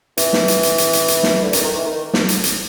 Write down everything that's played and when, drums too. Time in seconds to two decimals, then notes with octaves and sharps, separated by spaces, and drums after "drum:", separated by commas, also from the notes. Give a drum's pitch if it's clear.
0.17 E3, drum: hi-hat
0.33 drum: snare
0.48 drum: hi-hat
0.63 drum: hi-hat
0.78 drum: hi-hat
0.93 drum: hi-hat
1.08 drum: hi-hat
1.23 drum: snare
1.43 D3
1.53 D#3, drum: hi-hat
1.64 D#3
1.76 E3
1.87 D#3
2.14 drum: snare
2.29 drum: hi-hat
2.44 drum: hi-hat